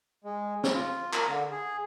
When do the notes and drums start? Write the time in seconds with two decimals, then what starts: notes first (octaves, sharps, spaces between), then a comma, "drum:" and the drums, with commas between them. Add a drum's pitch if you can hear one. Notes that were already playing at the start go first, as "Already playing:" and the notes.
0.24 G#3
0.64 drum: snare
0.74 F4
1.14 A#4, drum: clap
1.27 D3
1.51 G#4